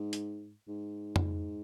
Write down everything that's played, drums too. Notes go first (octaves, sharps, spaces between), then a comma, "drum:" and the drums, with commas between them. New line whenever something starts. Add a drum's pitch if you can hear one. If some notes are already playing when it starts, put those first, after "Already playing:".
Already playing: G#2
drum: hi-hat
G#2
drum: tom F2